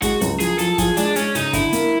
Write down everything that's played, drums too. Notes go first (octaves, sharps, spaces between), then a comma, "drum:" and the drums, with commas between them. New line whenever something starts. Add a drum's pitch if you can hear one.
G#3 F#4, drum: kick, hi-hat
C#2, drum: hi-hat
F3 G#4, drum: hi-hat
F3 A4, drum: hi-hat
F3 G#4, drum: kick, hi-hat
G#3 D4, drum: hi-hat
G#3 C#4, drum: hi-hat
C#3 D#4, drum: hi-hat
D3 E4, drum: kick, hi-hat
A#3, drum: hi-hat